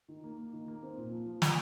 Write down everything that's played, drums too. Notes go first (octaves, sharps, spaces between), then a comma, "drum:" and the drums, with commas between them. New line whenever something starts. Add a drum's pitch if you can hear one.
D#3
A#3
A#3
D#3
A#3
C4
A#2
F3
F3
A#3, drum: snare